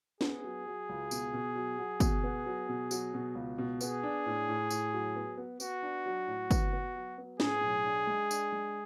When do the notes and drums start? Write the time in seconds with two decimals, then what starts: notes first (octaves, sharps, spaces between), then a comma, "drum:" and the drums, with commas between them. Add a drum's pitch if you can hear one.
0.21 B3 G#4, drum: snare
0.44 F#3
0.67 F#3
0.89 C#2
1.11 B2, drum: tambourine
1.33 B2
1.56 F#3
1.78 F#3
2.00 B2, drum: kick, tambourine
2.23 B3
2.46 F#3
2.69 B2
2.91 F#3, drum: tambourine
3.14 B2
3.35 C#2
3.58 B2
3.81 B3 G#4, drum: tambourine
4.03 D4
4.26 A2
4.49 A2
4.71 A2, drum: tambourine
4.94 F#3
5.16 B3
5.37 B3
5.60 B3 F#4, drum: tambourine
5.83 D4
6.06 F#3
6.27 A2
6.51 B3, drum: kick, tambourine
6.73 B3
6.95 F#3
7.18 B3
7.40 A2 G#4, drum: snare
7.63 B1
7.85 D4
8.07 G#3
8.31 D4, drum: tambourine
8.52 G#3